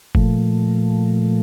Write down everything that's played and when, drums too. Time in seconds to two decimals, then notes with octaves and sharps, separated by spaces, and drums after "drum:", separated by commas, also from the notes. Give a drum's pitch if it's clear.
0.15 A#2 F3 A3, drum: kick F#1